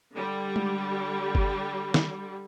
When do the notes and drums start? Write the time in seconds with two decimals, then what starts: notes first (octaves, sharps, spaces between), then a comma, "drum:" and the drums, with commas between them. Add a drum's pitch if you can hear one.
0.14 D3 G3
0.56 drum: tom G#3
1.35 drum: kick G1
1.94 drum: snare